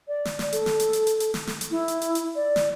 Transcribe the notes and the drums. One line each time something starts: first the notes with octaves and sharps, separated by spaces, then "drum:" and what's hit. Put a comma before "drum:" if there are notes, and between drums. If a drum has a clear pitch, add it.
D5
drum: snare
drum: snare
A4, drum: hi-hat
drum: snare
drum: hi-hat
drum: hi-hat
drum: hi-hat
drum: hi-hat
drum: snare
drum: snare
drum: hi-hat
E4
drum: hi-hat
drum: hi-hat
drum: hi-hat
D5
drum: snare